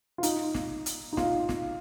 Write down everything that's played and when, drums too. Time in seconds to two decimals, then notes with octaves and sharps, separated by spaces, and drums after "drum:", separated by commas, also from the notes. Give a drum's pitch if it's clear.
0.18 F4
0.23 D#4, drum: hi-hat
0.54 drum: snare
0.86 drum: hi-hat
1.13 D#4
1.17 F4, drum: snare
1.49 drum: snare